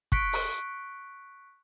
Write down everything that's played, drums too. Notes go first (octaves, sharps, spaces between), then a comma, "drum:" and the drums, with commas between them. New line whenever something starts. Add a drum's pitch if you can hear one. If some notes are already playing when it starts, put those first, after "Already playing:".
C#6 F#6 B6 C#7 D7, drum: kick
drum: open hi-hat